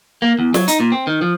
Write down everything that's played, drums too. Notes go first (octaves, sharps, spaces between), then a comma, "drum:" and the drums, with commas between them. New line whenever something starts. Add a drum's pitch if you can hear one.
A#3
E2
F#3, drum: snare
D#4, drum: hi-hat
A#2
C4
D#3
F3